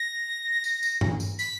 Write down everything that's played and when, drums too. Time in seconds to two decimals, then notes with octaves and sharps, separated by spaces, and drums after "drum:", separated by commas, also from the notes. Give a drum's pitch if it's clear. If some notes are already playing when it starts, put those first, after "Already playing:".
Already playing: A#6
0.64 drum: tambourine
0.83 drum: tambourine
1.01 drum: tom G2
1.20 drum: tambourine
1.39 B6, drum: tambourine